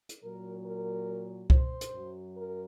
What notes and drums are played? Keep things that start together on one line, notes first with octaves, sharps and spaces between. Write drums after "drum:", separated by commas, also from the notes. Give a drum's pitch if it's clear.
drum: hi-hat
A#2 F#3 A#4
A#4
C5, drum: kick C2
drum: hi-hat
F#2 F#3
A#4